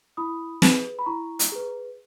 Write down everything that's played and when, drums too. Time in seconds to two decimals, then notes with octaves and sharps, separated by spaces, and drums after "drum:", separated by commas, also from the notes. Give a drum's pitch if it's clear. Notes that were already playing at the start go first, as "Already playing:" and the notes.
0.17 E4 B5 D#6
0.62 G#4 B4, drum: snare
0.99 B5
1.06 E4 A#5 C#6
1.39 drum: hi-hat
1.52 G#4 B4